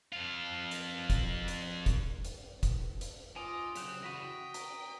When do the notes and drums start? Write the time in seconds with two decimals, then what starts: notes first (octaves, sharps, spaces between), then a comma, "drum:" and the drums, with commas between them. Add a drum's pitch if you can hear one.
0.12 F2 F4
0.71 drum: hi-hat
1.10 drum: kick, hi-hat
1.48 drum: hi-hat
1.86 drum: kick, hi-hat
2.25 drum: hi-hat
2.63 drum: kick, hi-hat
3.01 drum: hi-hat
3.36 D#4 F4 G#5 D6 D#6 D7
3.76 C#3 F#3 C4 G4 F#6 G6, drum: hi-hat
4.03 E3 G3 F#4 A#6 B6 D#7
4.24 G5
4.54 A#5 B6, drum: hi-hat